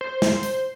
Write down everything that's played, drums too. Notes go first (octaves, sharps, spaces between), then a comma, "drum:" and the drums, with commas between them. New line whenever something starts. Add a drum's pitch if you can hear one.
C5
drum: snare
drum: hi-hat